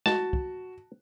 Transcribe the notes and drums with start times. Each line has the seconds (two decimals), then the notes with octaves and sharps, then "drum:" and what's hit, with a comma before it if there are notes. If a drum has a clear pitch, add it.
0.06 F#4 A5, drum: snare
0.33 drum: kick